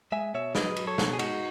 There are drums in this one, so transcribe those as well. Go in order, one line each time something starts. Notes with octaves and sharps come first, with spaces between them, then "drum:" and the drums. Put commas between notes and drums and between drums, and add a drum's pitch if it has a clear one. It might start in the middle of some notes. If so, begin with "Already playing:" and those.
G#3 E5 G#5
B2 C#5 E5
F#3 B4 D#5, drum: snare
F#3, drum: cymbal
A4 C#5
B2, drum: snare
G#4
G#3 D#4 F#4, drum: cymbal